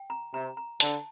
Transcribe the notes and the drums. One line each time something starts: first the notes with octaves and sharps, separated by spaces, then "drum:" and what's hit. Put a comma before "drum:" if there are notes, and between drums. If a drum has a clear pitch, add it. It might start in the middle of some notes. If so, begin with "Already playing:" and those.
Already playing: G5
A#5
C3 A#5
A#5
D3 A5, drum: hi-hat